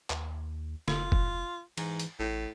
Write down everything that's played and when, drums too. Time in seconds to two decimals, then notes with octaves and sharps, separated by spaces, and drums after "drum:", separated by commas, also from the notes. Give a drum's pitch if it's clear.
0.10 D#2, drum: clap
0.88 F1 F4, drum: snare
1.12 drum: kick F#1
1.77 G#2 E3, drum: cymbal
2.00 drum: hi-hat
2.19 A1 A2